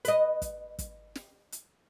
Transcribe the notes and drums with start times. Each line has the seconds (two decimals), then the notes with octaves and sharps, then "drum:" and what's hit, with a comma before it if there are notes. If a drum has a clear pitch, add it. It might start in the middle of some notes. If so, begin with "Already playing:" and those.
0.05 B4 D#5, drum: hi-hat
0.42 drum: kick, hi-hat
0.79 drum: kick, hi-hat
1.15 drum: snare
1.52 drum: hi-hat